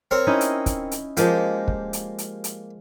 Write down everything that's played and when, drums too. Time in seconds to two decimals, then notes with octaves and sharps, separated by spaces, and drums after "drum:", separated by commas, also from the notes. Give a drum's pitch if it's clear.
0.11 C4 A#4 C#5
0.27 C#4 D#4 E4
0.41 drum: hi-hat
0.66 drum: kick, hi-hat
0.91 drum: hi-hat
1.17 F3 G#3 A#3 G4, drum: hi-hat
1.68 drum: kick
1.93 drum: hi-hat
2.18 drum: hi-hat
2.44 drum: hi-hat